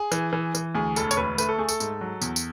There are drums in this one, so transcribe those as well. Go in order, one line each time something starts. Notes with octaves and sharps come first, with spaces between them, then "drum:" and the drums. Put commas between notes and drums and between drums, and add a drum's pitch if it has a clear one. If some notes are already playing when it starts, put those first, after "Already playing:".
Already playing: G#4
E3, drum: tambourine
E3
E3, drum: tambourine
D2 G#4
E1 A4, drum: tambourine
C#5, drum: tambourine
D2 B4
A3 B4, drum: tambourine
A4
A3 G#4
A4, drum: tambourine
G#2, drum: tambourine
F#3
E2, drum: tambourine
drum: tambourine